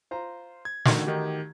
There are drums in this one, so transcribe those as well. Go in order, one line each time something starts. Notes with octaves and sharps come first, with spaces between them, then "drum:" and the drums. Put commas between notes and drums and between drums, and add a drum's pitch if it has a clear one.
F4 C5 A#5
G#6
A1 D3 D#3 A3 F#4, drum: snare
D#3 D#4 G4